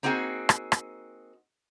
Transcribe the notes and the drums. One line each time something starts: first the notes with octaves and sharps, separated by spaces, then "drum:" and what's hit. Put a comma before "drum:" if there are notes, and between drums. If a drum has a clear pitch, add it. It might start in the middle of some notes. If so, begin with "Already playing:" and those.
A#3 C4 D#4 F#4 G#4
drum: rim click
drum: rim click